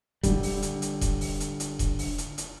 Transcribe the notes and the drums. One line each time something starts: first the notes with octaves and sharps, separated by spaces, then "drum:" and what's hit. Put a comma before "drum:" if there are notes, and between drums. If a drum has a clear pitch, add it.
D3 G3, drum: kick E1, hi-hat
drum: open hi-hat
drum: hi-hat
drum: hi-hat
drum: kick E1, hi-hat
drum: open hi-hat
drum: hi-hat
drum: hi-hat
drum: kick E1, hi-hat
drum: open hi-hat
drum: hi-hat
drum: hi-hat